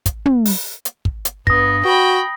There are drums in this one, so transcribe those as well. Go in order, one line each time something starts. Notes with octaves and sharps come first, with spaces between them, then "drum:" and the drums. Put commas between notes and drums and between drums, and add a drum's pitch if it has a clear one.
drum: kick, hi-hat
drum: tom
drum: open hi-hat
drum: hi-hat
drum: kick
drum: hi-hat
G2 B3 D#6 A#6, drum: kick
F#4 G5 B5